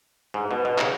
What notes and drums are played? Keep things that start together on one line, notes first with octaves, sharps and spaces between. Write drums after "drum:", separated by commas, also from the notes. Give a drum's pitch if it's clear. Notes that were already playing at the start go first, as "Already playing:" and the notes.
G#2
B2
B2
C#3, drum: clap